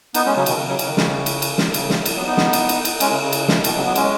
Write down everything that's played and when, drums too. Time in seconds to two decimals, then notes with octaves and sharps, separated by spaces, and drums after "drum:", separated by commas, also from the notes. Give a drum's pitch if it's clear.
0.14 B3 D#4, drum: cymbal
0.26 G#3 C#4
0.36 C#3 F#3
0.46 B2 D#3, drum: cymbal
0.57 C#3
0.68 C#3 F#3
0.79 C#3, drum: cymbal
0.88 D#3
0.97 C#3, drum: snare
1.26 drum: cymbal
1.42 drum: cymbal
1.58 drum: snare
1.74 C#3, drum: cymbal
1.90 drum: snare
2.06 drum: cymbal
2.16 F#3 B3
2.27 B3 D#4
2.37 drum: snare
2.53 drum: cymbal
2.69 drum: cymbal
2.85 drum: cymbal
3.00 G#3 C#4, drum: cymbal
3.11 C#3
3.23 C#3
3.32 drum: cymbal
3.48 drum: snare
3.64 B2 D#3, drum: cymbal
3.75 C#3 F#3
3.85 F#3 B3
3.95 G#3 C#4, drum: cymbal